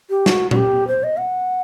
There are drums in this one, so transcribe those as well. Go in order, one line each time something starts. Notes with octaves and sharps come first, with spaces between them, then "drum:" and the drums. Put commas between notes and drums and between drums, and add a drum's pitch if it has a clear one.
G4
F#4, drum: snare
F#4, drum: tom A#2
G4
C5
D#5
F#5